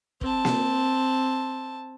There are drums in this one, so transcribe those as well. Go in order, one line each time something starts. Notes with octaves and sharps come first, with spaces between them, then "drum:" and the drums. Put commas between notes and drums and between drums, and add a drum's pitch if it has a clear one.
C4 A5, drum: kick
drum: snare A#3